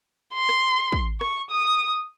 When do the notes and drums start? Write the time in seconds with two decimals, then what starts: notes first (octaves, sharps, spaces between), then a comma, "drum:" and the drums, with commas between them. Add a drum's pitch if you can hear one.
0.34 C6
0.49 drum: rim click
0.92 drum: kick
1.21 C#6, drum: rim click
1.51 D#6